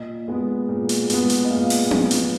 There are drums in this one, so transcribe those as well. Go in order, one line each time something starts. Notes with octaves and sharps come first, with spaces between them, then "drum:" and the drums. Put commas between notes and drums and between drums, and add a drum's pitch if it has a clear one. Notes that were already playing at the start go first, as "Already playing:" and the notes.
Already playing: A#2 D#5
G#3 B3
A#2
drum: hi-hat
G#3 B3, drum: hi-hat
drum: hi-hat
D#5
A#2 F5
drum: open hi-hat
G#3 B3, drum: tom C4
drum: hi-hat